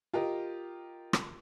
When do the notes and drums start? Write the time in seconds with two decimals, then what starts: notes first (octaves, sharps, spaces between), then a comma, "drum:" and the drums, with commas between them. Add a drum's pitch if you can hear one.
0.13 F4 G4 A#4 D#5
1.13 drum: rim click